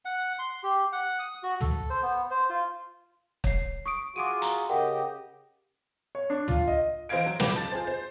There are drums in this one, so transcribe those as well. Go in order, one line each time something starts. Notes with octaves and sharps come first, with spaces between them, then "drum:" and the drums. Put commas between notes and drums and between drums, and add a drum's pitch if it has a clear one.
F#5
C6
G4
F#5
D#6
F#4
A4, drum: tom
C5
B3
C5
F4
C#5 C7, drum: kick
C#6 D#6 D7
F4 F#4 G#4 D6 D7 D#7
A#5, drum: hi-hat
C#3 G4 A#4 D#5 F#5 G5
C#5
D4
F4, drum: tom
D#5
E3 C5 D#5 F5 G#6 D7
F#3
C#2 F3 B4 D6 G6 E7, drum: snare
A5 A6
F4 G#4 C5
C5